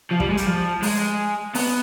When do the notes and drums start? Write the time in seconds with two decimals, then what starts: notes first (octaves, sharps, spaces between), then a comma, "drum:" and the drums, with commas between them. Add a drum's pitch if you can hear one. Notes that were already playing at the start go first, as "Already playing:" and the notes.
0.11 F3
0.20 G3, drum: kick
0.29 G#3
0.37 G3, drum: hi-hat
0.47 F3
0.83 G#3, drum: open hi-hat
1.55 B3, drum: open hi-hat